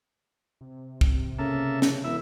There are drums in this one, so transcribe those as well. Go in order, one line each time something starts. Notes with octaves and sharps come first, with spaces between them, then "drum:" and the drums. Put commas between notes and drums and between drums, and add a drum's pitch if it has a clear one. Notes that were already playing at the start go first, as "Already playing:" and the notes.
C3
drum: kick
C#3 A#3 A4 E5
drum: snare
E1 E4 E5